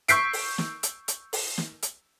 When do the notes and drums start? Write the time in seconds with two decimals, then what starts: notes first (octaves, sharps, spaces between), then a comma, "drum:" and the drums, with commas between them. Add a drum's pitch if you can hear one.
0.08 C#6 E6 G6 B6 C7 D7, drum: hi-hat
0.33 drum: open hi-hat
0.58 drum: snare
0.83 drum: hi-hat
1.08 drum: hi-hat
1.33 drum: open hi-hat
1.58 drum: snare
1.82 drum: hi-hat